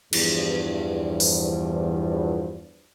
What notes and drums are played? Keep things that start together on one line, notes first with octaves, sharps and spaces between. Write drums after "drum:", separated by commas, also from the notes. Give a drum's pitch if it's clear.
E2 G2 F3, drum: cymbal
drum: open hi-hat